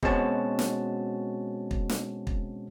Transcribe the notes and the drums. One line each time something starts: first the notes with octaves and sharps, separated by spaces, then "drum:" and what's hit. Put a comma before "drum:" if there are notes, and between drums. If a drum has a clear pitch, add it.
B2 G#3 C4 C#4 F#4 A5, drum: kick
drum: snare
drum: kick
drum: snare
drum: kick